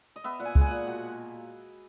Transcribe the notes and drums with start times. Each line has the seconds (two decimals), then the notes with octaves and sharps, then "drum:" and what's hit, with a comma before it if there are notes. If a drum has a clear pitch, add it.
0.16 D#5
0.24 B3 E5
0.39 A#2 F#5
0.45 G#5
0.55 G#3, drum: kick C#2
0.61 G#5
0.66 A#2 F#5
0.87 B2 F#5